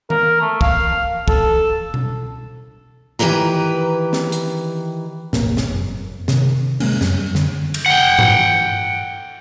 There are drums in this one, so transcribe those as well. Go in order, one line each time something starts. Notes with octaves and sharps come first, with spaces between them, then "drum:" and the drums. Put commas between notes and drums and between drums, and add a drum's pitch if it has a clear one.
A#4, drum: tom D#3
A3
F5, drum: kick
A4, drum: kick
drum: tom B2
D#3 E3 G4 B4 A#5
drum: snare
drum: hi-hat
D1 G#1 B2 A#3, drum: snare
drum: snare
F#1
C3 D#3, drum: snare
C3 G#3 A#3 C#4, drum: cymbal
F#2 G3, drum: snare
D3, drum: snare
drum: cymbal
F#5 G5
drum: tom G2